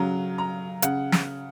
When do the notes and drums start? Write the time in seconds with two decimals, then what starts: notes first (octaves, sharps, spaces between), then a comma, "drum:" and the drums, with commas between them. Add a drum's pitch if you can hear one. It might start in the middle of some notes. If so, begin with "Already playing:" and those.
Already playing: C#3 F#3 A#5
0.38 A#5
0.82 C#3 F#5, drum: hi-hat
1.12 drum: snare